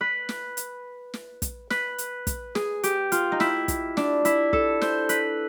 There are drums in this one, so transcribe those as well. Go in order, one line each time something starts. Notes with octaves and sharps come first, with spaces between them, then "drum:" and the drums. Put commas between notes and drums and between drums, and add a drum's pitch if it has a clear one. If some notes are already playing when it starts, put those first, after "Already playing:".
B4
drum: snare
drum: hi-hat
drum: snare
drum: kick, hi-hat
B4, drum: snare
drum: hi-hat
drum: kick, hi-hat
G#4, drum: snare
G4, drum: hi-hat
F4, drum: hi-hat
D#4
E4, drum: snare
drum: kick, hi-hat
D4, drum: snare
E4, drum: hi-hat
A4, drum: kick
C5, drum: snare
B4, drum: hi-hat